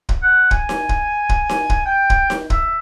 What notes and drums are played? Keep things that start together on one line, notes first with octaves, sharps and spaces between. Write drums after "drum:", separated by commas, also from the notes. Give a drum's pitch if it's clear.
drum: kick
F#5
G#5, drum: kick
drum: snare D#4
drum: kick
drum: kick
drum: snare D#4
drum: kick
G5
drum: kick
drum: snare D#4
E5, drum: kick